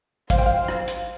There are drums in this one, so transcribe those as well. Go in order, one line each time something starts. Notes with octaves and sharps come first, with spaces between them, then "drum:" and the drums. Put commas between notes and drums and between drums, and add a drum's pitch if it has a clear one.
C5 F5, drum: kick, hi-hat
G5
F5
drum: rim click
drum: hi-hat